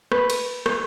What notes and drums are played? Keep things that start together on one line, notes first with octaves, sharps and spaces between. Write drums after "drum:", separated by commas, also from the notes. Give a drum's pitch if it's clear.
B4, drum: rim click
drum: cymbal
drum: rim click